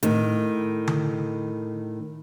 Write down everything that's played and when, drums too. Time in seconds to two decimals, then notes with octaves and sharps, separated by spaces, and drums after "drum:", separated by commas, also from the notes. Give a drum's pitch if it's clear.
0.03 A2 D#3, drum: hi-hat
0.88 drum: tom D3